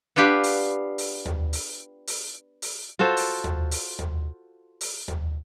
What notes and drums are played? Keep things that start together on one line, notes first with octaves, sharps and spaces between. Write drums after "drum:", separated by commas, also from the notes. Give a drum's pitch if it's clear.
B3 D4 F4 G4 B4
drum: open hi-hat
drum: open hi-hat
drum: tom D#2
drum: open hi-hat
drum: open hi-hat
drum: open hi-hat
F4 F#4 A4 C5
drum: open hi-hat
drum: tom D#2
drum: open hi-hat
drum: tom D#2
drum: open hi-hat
drum: tom D#2